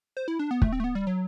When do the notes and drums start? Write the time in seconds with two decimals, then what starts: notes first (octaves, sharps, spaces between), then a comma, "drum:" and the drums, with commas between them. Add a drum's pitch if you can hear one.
0.17 C5
0.28 E4
0.39 D4
0.51 B3
0.62 A3, drum: kick
0.73 C4
0.80 A3
0.84 B3
0.95 G3
1.07 F#3